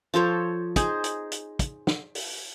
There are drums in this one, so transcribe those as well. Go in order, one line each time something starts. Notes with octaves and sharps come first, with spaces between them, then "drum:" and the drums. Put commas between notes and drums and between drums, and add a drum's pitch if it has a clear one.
F3 A4 C5 C#5
D#4 G#4 C5, drum: kick, hi-hat
drum: hi-hat
drum: hi-hat
drum: kick, hi-hat
drum: snare
drum: open hi-hat